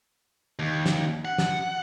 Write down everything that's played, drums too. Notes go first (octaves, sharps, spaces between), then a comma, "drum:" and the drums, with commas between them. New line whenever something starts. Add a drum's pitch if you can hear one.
D#2
drum: snare
F#5
drum: snare